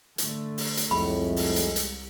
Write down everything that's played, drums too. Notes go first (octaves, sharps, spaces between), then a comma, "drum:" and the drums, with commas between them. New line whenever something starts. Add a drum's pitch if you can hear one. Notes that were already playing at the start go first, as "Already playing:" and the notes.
D3 A3, drum: hi-hat
drum: open hi-hat
drum: hi-hat
C2 F2 A2 G#3 B5
drum: open hi-hat
drum: hi-hat
drum: hi-hat